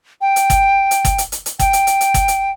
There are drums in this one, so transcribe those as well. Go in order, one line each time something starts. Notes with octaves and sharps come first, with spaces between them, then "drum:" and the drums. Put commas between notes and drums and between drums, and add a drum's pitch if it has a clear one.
G5
drum: hi-hat
drum: kick, hi-hat
drum: hi-hat
drum: kick, hi-hat
drum: hi-hat
drum: hi-hat
drum: hi-hat
G5, drum: kick, hi-hat
drum: hi-hat
drum: hi-hat
drum: hi-hat
drum: kick, hi-hat
drum: hi-hat